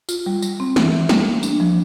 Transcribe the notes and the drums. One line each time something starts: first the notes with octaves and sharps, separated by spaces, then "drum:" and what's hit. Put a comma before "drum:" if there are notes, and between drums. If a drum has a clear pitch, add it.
F4, drum: tambourine
G3
G3, drum: tambourine
C4
E3, drum: snare
E3
G3, drum: snare
A#3
D4, drum: tambourine
F3